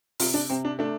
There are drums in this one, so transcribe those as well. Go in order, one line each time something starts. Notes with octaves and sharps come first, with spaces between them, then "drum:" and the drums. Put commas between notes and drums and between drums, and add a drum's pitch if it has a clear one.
C3 F4, drum: open hi-hat
D4
C3 C4
D4
A3 D4